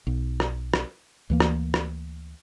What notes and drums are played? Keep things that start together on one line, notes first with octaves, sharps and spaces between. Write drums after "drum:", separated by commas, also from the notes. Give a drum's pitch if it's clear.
B1
drum: rim click
drum: rim click
D2 E3 A#3
drum: rim click
drum: rim click